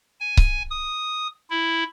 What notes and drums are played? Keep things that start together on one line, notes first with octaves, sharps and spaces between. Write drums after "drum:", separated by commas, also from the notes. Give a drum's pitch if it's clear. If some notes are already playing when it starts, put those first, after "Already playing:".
G#5
drum: kick C#1
D#6
E4